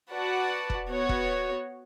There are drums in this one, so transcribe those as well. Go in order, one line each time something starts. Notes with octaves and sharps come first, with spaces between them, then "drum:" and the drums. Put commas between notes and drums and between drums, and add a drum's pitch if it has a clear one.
F#4 B4 D5 F#5 A5
drum: kick E1
B3 F#4 C#5
drum: kick E1